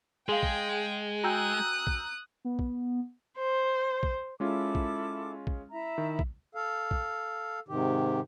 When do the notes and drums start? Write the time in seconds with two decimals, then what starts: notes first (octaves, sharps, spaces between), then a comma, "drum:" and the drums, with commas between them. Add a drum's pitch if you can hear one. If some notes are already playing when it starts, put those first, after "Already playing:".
0.29 G#3 G#4 F5 G5 C6
0.43 drum: kick
1.24 F#4 G5 G#5 A#5 D#6 E6 F#6 G6
1.87 drum: kick
2.45 B3
2.59 drum: kick
3.38 C5
4.03 drum: kick
4.40 G#3 C#4 E4 F4 A4 D6
4.75 drum: kick
5.47 drum: kick
5.71 E4 E5 A#5
5.98 D#3
6.19 drum: kick
6.55 A4 F5
6.91 drum: kick
7.68 G#2 C3 D#3 G4